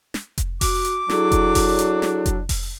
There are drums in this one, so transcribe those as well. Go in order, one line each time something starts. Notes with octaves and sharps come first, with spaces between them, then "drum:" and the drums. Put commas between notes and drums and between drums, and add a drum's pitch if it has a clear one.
drum: snare
drum: kick F1, hi-hat
F#4 D6, drum: kick F1, open hi-hat
drum: hi-hat
F#3 D4 E4 G#4 A4, drum: snare
drum: kick F1, hi-hat
drum: kick F1, open hi-hat
drum: hi-hat
drum: snare
drum: kick F1, hi-hat
drum: kick F1, open hi-hat